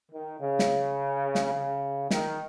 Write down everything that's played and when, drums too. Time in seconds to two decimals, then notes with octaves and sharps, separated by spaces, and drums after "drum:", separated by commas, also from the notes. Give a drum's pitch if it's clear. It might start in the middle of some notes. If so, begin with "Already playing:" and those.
0.12 D#3
0.40 C#3
0.59 drum: snare
1.35 drum: snare
1.54 C#3
2.10 D#3, drum: snare